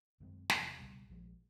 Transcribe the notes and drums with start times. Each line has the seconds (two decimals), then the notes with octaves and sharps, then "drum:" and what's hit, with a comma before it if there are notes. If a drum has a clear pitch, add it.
0.20 F#2 D#3 G#3 C4
0.50 F1 E2 C3 F3, drum: snare
0.79 C#2 B2 G3
1.08 A#1 A2 F3 G#3